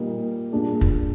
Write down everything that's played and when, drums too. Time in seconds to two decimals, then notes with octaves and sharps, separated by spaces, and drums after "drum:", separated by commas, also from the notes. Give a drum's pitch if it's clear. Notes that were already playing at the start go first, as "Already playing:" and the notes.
Already playing: A#2 G3 A#3 D#4 A#4
0.52 A#2 G3 A#3 D4 G#4
0.81 drum: kick